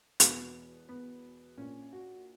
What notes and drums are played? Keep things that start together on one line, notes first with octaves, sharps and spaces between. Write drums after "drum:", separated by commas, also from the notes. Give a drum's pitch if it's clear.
E1 E2 B2 B3, drum: hi-hat
B3
A#1 A#2 C#4
F#4